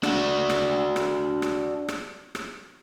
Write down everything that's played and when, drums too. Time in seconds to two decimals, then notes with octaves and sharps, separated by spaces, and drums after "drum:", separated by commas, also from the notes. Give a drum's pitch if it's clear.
0.03 D4 F#4, drum: rim click
0.50 drum: rim click
0.96 drum: rim click
1.42 drum: rim click
1.88 drum: rim click
2.35 drum: rim click